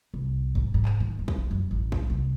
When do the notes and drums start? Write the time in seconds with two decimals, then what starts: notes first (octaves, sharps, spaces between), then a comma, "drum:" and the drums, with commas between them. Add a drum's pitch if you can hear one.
0.14 C2
0.55 G#2
0.74 G#2
0.85 drum: clap
1.00 D#3
1.19 D#1
1.28 drum: kick A#1
1.38 D3
1.51 F#2
1.71 A1
1.92 drum: kick A#1
2.10 C2